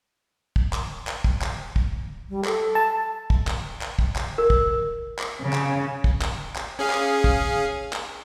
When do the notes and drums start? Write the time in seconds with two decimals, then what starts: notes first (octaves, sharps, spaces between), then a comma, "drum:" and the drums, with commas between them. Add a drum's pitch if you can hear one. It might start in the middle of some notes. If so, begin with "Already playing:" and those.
0.56 drum: kick
0.73 drum: clap
1.07 drum: clap
1.24 drum: kick
1.42 drum: clap
1.76 drum: kick
2.29 G3
2.44 A4, drum: clap
2.75 A5
3.30 drum: kick
3.47 drum: clap
3.81 drum: clap
3.99 drum: kick
4.16 drum: clap
4.38 A#4
4.50 drum: kick
5.19 drum: clap
5.42 C#3
5.53 drum: clap
6.04 drum: kick
6.21 drum: clap
6.56 drum: clap
6.79 C#4 G#4 F5
6.90 drum: clap
7.24 drum: kick
7.93 drum: clap